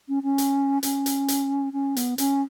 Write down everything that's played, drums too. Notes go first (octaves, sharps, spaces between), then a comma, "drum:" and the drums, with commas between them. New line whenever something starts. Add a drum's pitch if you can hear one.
C#4
C#4
drum: hi-hat
C#4, drum: hi-hat
drum: hi-hat
drum: hi-hat
C#4
B3, drum: hi-hat
C#4, drum: hi-hat